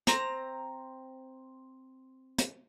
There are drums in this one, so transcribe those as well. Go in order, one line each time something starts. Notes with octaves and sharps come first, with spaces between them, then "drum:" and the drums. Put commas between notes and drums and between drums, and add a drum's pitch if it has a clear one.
C4 A#5, drum: hi-hat
drum: hi-hat